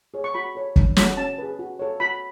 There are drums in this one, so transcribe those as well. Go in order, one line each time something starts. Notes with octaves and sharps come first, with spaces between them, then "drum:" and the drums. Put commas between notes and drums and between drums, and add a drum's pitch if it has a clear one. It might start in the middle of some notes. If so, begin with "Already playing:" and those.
G#4 C#5
C#6
F#4 B5
A4 C#5
D4, drum: kick
F#4 A4 C#5, drum: snare
C#4 A5
G#4 B4
F#4
A4 C#5
F#4 B5